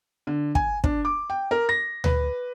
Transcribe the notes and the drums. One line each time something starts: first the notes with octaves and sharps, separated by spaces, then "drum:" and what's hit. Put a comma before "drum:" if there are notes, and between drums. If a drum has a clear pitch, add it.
D3
G#5, drum: kick
D4, drum: kick
D6
G5
A#4
A#6
B4, drum: tom D2